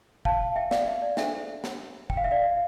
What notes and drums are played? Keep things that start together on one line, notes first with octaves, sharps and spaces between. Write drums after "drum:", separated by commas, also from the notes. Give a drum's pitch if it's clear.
F5 A5, drum: kick
E5 G5
D5 F5, drum: snare
E5
D5
D4 A4 C5 E5, drum: snare
drum: snare
G5, drum: kick
F5
E5
D5 F5